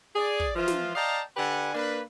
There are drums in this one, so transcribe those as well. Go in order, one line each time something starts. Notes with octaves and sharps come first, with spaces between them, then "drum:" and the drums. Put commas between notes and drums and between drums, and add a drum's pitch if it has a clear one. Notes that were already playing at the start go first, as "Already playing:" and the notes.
G#4 D5
drum: kick
E3 F3 F4
drum: snare
D5 D#5 F5 G5 A5 A#5
D3 G4 B4 D5 F#5 G#5
A#3 D4 B4